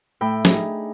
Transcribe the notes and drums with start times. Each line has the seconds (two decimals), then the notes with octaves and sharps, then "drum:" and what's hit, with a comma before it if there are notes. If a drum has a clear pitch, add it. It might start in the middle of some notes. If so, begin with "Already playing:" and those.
0.21 A2 G5 B5 E6
0.45 D4 D#4 G#4, drum: snare